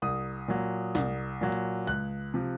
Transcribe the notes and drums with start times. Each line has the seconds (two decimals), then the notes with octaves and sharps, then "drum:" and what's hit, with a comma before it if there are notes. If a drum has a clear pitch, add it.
0.02 C2 D#6
0.48 A#2 F#3
0.95 C2, drum: snare
1.41 A#2 F#3
1.52 drum: hi-hat
1.87 C#2 F#6, drum: hi-hat
2.34 C3 F3